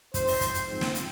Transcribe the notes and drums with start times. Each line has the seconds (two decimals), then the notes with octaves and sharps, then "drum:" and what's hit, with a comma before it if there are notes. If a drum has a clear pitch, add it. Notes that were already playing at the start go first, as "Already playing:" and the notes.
0.14 G#2 F3 C4 C5, drum: kick, hi-hat
0.27 drum: open hi-hat
0.41 drum: kick, hi-hat
0.54 drum: hi-hat
0.68 G#2 F3 C4
0.81 drum: snare
0.95 drum: hi-hat